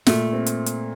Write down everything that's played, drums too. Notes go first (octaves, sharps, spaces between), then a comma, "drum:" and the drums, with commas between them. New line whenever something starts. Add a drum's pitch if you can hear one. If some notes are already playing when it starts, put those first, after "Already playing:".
A#2 A3, drum: snare
C4
drum: hi-hat
drum: hi-hat